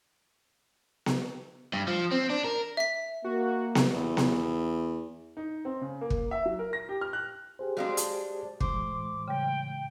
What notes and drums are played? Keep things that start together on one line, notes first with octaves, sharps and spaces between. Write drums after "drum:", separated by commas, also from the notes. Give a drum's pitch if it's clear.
drum: snare B3
G2
F3
C4
D4
A#4
E5 B6
A#3 F#4
drum: snare B3
E2
drum: snare B3
D#4
C4
C#3
A#3
drum: kick
E5
F#3
A#4
A#6
G4
F6
F#6
G4 G#4 C5
G3 G#3 D4 F#4 F5
drum: hi-hat
A2 E3 G#3 C5 D6, drum: kick
C#3 G3 G5